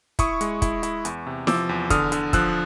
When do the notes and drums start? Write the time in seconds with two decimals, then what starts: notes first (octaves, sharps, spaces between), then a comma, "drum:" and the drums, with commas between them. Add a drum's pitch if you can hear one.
0.19 E4 C#6 D#6, drum: kick, hi-hat
0.41 G#3, drum: hi-hat
0.62 E4, drum: kick, hi-hat
0.83 E4, drum: hi-hat
1.05 E2, drum: hi-hat
1.26 C3
1.47 F3 D6 E6, drum: snare E4
1.69 E2
1.90 D3 D#6 F6, drum: kick, hi-hat
2.12 D3, drum: hi-hat
2.33 F3 E6 F#6, drum: kick, hi-hat